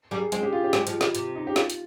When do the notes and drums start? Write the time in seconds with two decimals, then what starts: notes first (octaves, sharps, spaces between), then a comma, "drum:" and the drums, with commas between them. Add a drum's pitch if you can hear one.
0.11 G3 A#3 G#4
0.32 G#3 C4 G#4, drum: hi-hat
0.43 G4
0.53 F4
0.64 G4
0.73 G#3 C4, drum: snare
0.87 F3 G#3, drum: hi-hat
1.01 D#3 G3, drum: snare
1.15 C3, drum: hi-hat
1.35 D#4
1.47 G4
1.56 F4, drum: snare
1.70 drum: hi-hat